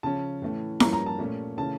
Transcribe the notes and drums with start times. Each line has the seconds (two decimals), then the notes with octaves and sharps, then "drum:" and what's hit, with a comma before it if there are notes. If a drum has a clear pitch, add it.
0.03 C#3 F3 C#4 A5
0.42 A2 E3 A3 C#4
0.80 G2 F3 A#3 C#4 A#5, drum: snare E4
0.93 A#5
1.06 A5
1.19 A#2 A3 C#4
1.58 C#3 E3 A3 C#4 A5